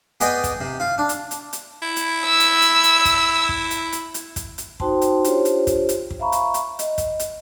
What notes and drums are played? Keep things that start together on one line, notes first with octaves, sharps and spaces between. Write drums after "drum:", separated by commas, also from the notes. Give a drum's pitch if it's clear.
B3 G#4 D5 D#5 G5, drum: hi-hat
drum: kick, hi-hat
C3
F4
D4
drum: hi-hat
drum: hi-hat
drum: hi-hat
E4
drum: hi-hat
E6
drum: hi-hat
drum: hi-hat
drum: hi-hat
drum: kick, hi-hat
drum: kick
drum: hi-hat
drum: hi-hat
drum: hi-hat
drum: kick, hi-hat
drum: hi-hat
D#4 F#4 C5 G5 A5 C6, drum: kick
drum: hi-hat
D4 F4 G4 C5 C#5, drum: hi-hat
drum: hi-hat
drum: kick, hi-hat
drum: hi-hat
drum: kick
E5 F5 A#5 B5 C#6
drum: hi-hat
drum: hi-hat
D#5, drum: hi-hat
drum: kick, hi-hat
drum: hi-hat